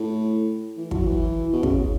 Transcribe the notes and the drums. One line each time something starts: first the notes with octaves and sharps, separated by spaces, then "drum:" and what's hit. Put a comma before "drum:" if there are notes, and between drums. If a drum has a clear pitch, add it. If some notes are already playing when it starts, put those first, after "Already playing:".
Already playing: A2
E3
F#3, drum: kick
E3
B2
C#3, drum: kick